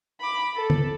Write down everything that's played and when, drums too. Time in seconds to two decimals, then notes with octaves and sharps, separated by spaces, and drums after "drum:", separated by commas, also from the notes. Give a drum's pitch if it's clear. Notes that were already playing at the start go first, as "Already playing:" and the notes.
0.20 B5 D6
0.56 A4
0.70 drum: tom